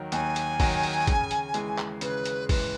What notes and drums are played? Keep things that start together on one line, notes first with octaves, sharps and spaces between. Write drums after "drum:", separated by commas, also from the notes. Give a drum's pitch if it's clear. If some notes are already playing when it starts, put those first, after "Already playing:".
Already playing: D#2 D#3 F#3
D#2 G#5, drum: hi-hat
drum: hi-hat
D#3 F#3, drum: kick, open hi-hat
drum: open hi-hat
C#3, drum: kick, hi-hat
drum: hi-hat
E3 G#3, drum: hi-hat
drum: clap
C#3 B4, drum: hi-hat
drum: hi-hat
E3 G#3 B4, drum: kick, open hi-hat